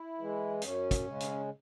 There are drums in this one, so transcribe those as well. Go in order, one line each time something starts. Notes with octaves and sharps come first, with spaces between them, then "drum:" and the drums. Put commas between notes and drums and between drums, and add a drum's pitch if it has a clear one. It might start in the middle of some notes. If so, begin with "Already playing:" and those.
Already playing: E4
E3 G#3
F#2 C#4, drum: hi-hat
drum: kick, hi-hat
C#3 G#3
drum: hi-hat